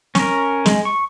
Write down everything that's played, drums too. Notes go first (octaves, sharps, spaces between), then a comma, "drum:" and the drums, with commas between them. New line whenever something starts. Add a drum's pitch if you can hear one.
C#4 A#4, drum: snare
G#3, drum: snare
C#6